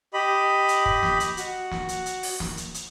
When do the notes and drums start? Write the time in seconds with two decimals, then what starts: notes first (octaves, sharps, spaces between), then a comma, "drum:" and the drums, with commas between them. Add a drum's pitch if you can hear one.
0.14 G4 D#5 B5
0.68 drum: hi-hat
0.86 drum: kick
1.03 drum: snare
1.20 drum: hi-hat
1.37 F#4, drum: hi-hat
1.71 drum: snare
1.89 drum: hi-hat
2.06 drum: hi-hat
2.23 drum: open hi-hat
2.40 drum: snare
2.57 drum: hi-hat
2.74 drum: hi-hat